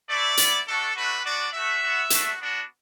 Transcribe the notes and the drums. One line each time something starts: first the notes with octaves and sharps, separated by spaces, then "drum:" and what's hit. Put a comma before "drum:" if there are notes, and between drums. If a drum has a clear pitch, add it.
A3 E4 D5
B3 E4, drum: hi-hat
A3 D4 F#4 A4
A3 D4 F#4 B4
B3 D4 F#4 D5
A3 F#4 E5
B3 F#4
A3 D4 F#4, drum: hi-hat
B3 D4 F#4